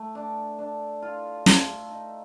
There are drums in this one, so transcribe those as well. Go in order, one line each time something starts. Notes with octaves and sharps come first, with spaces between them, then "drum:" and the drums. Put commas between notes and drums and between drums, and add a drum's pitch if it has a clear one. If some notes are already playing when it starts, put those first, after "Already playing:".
Already playing: A3
D4
D4
F4
A3, drum: snare
D#4